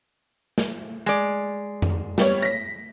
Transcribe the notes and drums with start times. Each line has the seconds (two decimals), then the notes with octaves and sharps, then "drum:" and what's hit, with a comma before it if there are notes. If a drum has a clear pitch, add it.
0.58 drum: snare
1.06 G#3 D5
1.82 drum: tom F2
2.18 G3 B3 C#5, drum: snare
2.42 A#6 B6